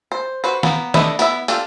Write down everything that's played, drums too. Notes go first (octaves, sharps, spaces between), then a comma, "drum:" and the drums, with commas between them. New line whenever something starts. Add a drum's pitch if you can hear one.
C5
F#4 B4 C5
A#3 B3, drum: snare
A3 D4 B4 D#5 E5, drum: snare
B3 E4 E5, drum: hi-hat
D4 F4 G4 A4, drum: hi-hat